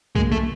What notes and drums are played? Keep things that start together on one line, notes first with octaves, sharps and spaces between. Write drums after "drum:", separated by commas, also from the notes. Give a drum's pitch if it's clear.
D3 F#3 G#3 A#3, drum: kick B1
A3